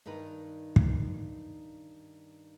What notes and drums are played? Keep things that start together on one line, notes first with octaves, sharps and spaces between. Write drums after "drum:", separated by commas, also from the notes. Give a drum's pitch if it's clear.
G2 D#3 D#4 B4
drum: kick